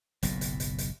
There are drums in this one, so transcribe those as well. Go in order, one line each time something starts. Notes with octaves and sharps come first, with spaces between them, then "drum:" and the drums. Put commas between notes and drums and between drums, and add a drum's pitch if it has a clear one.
F#1 B1 A2, drum: hi-hat
drum: hi-hat
drum: hi-hat
drum: hi-hat